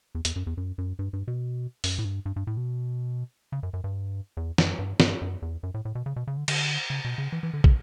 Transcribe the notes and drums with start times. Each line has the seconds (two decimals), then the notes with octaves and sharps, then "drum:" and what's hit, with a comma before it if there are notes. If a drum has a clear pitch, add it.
0.15 E2
0.25 E2, drum: hi-hat
0.36 F#2
0.47 E2
0.57 F#2
0.78 F#2
0.99 G2
1.13 G2
1.28 B2
1.84 F#2, drum: open hi-hat
1.98 A2
2.05 G2
2.26 G2
2.36 G2
2.47 A2
2.57 B2
3.52 C#3
3.63 F#2
3.73 F#2
3.84 G2
4.37 E2
4.58 F#2, drum: snare
4.79 G2
5.00 G2, drum: snare
5.22 F#2
5.42 E2
5.63 F#2
5.74 A2
5.85 A2
5.95 B2
6.06 C#3
6.16 B2
6.27 C#3
6.37 D3
6.48 D3, drum: cymbal
6.90 C#3
7.05 B2
7.18 C#3
7.32 E3
7.43 E3
7.53 D3
7.64 C#3, drum: kick